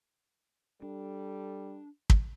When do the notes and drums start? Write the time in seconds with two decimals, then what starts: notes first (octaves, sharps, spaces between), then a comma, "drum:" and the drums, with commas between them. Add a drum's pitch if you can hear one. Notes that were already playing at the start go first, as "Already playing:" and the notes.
0.82 G3 D4 A4
2.10 drum: kick